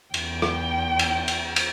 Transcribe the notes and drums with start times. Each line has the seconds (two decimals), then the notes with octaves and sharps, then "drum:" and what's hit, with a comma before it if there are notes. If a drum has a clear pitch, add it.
0.14 E2 G5, drum: cymbal
0.42 drum: rim click
0.99 drum: cymbal
1.28 drum: cymbal
1.56 drum: cymbal